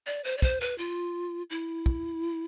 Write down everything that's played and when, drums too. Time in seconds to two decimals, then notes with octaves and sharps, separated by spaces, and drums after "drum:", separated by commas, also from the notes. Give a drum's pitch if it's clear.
0.07 D5
0.24 C5
0.38 D5
0.42 C5, drum: kick
0.61 B4
0.78 F4
1.50 E4
1.86 drum: kick